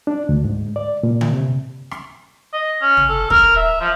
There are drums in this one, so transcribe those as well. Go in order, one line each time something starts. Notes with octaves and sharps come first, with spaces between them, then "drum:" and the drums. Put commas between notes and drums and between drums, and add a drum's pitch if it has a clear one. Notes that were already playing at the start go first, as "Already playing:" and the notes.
D4
D2
G#2
D5
A#2
drum: tom D3
C3
drum: rim click
D#5
C#4
drum: tom
A4
A#4, drum: kick
E5
F3